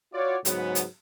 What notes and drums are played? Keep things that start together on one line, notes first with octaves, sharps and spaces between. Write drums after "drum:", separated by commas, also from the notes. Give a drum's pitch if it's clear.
F4 F#4 C#5 D5
G#2 C#3 F#3 B3, drum: hi-hat
drum: hi-hat